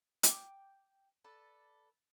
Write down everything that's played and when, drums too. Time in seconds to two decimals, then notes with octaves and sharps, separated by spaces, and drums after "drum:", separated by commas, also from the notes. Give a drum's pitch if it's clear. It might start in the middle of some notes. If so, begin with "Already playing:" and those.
0.23 G5 D6, drum: hi-hat
1.24 A4 B4 D5 A5